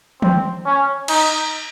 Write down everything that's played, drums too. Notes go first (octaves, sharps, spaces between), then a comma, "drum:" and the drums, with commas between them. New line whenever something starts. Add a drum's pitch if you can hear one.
C4, drum: tom
C#4
D#4, drum: cymbal